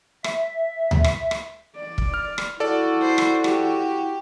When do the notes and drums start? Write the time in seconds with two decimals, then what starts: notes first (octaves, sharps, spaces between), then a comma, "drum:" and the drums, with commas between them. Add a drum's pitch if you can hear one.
0.24 E5, drum: rim click
0.91 drum: tom D2
1.04 drum: rim click
1.31 drum: rim click
1.76 D5
1.98 drum: kick
2.14 F6
2.38 drum: rim click
2.60 E4 F#4 A4 D5
3.01 C5
3.18 drum: rim click
3.44 G4, drum: rim click